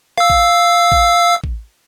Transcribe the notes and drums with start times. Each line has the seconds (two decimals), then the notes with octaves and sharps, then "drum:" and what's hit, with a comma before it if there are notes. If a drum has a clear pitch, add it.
0.18 F5 E6, drum: rim click
0.30 drum: kick A1
0.92 drum: kick A1
1.44 drum: kick A1